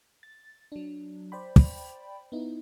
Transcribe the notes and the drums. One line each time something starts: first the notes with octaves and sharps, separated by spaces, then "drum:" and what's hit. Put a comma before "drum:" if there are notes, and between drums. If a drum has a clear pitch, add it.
A6
F#3 D4
C5 D5 G5 B5
drum: kick
B3 D#4 E4